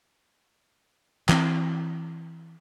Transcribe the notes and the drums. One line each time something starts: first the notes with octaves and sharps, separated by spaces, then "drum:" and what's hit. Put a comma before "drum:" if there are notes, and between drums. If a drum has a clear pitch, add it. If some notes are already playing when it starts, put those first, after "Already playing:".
E3 C4, drum: clap